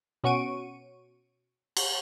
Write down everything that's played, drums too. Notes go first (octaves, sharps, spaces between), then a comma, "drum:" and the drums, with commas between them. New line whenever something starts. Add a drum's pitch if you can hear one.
B2 C#4 F#4 C#6 D7 D#7
drum: cymbal